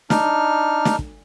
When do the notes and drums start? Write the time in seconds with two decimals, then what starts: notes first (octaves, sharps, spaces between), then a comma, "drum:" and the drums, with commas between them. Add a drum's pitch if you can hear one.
0.10 D4 D#4 F6, drum: snare
0.85 drum: snare
0.99 drum: kick